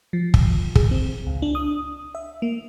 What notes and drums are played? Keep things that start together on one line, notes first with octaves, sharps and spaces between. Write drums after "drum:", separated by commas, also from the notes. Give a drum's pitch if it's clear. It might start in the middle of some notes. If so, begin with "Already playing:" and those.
F3
drum: kick
G#4, drum: kick
C4
C#2
D4
D#6
E5
A#3